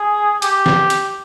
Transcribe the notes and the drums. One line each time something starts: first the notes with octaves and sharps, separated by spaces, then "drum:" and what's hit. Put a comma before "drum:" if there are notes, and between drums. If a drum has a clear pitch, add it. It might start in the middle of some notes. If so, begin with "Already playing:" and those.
Already playing: G#4
G4, drum: hi-hat
drum: snare
drum: hi-hat